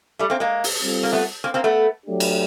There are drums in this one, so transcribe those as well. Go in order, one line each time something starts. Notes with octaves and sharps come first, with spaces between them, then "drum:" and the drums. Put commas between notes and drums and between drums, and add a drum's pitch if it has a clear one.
G3 A3
A#3 C4
G#3 A#3
drum: open hi-hat
G3 C4 F4 A4
A#3
A3 B3
A#3 C4
A#3 C4
A3 B3
F#3 A3 D4 G4
drum: cymbal